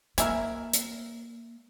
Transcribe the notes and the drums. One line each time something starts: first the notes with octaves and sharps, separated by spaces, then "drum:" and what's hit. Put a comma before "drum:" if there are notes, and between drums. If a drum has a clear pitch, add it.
A#3 A#4 E5 G#5, drum: hi-hat
drum: hi-hat